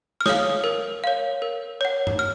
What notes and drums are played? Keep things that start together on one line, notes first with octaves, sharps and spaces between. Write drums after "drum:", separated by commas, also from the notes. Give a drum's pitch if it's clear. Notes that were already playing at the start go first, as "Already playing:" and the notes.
F6
C#5 F5 D#6, drum: snare
A#4
C#5 F5
A#4
C#5 F#5
drum: tom G2
F6